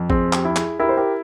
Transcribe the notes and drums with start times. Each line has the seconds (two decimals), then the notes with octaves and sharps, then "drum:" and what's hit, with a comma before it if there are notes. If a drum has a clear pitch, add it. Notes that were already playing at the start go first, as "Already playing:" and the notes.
Already playing: F2
0.10 C4 G#4, drum: kick
0.33 G4, drum: clap
0.45 E4
0.56 G#4, drum: clap
0.79 E4 G4 A#4
0.89 C5
0.97 G4 A#4